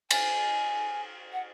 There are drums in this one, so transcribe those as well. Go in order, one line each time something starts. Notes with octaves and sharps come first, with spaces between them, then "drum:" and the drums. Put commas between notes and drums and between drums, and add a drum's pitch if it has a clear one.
G#5, drum: cymbal
F#5